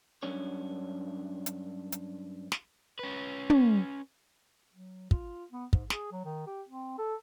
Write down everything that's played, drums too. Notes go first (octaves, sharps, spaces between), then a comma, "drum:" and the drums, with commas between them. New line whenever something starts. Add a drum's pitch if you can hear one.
G2 F#3 C#4 D4 C#5
drum: hi-hat
drum: hi-hat
drum: snare
C#4 B4
drum: tom
F#3
F4, drum: kick
B3
G#2, drum: kick
G#4, drum: snare
F#3
D#3
G4
C4
A4